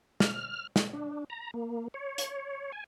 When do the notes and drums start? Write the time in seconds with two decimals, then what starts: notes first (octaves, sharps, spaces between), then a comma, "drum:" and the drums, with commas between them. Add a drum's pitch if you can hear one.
0.20 F6, drum: snare
0.76 drum: snare
0.93 D4
1.30 A#5
1.54 A#3
1.94 C#5
2.18 drum: hi-hat
2.72 G#5